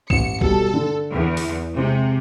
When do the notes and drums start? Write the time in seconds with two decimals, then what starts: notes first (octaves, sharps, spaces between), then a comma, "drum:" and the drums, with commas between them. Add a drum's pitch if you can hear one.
0.10 A1 C#7 E7, drum: kick
0.41 B2 G3 A4, drum: kick
0.74 D3
1.13 E2
1.37 drum: open hi-hat
1.76 C3 G#3 C4